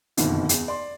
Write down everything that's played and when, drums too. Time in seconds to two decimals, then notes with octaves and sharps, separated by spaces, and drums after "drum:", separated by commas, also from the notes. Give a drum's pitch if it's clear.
0.17 F#1 F2 B2 D3 D#3, drum: hi-hat
0.49 E2, drum: hi-hat
0.68 D5 C6